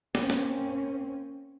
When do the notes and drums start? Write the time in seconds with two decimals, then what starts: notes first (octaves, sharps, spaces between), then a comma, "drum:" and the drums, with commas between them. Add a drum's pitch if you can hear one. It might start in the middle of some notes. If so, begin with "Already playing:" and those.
0.15 A#3 C4 C#4, drum: snare
0.30 drum: snare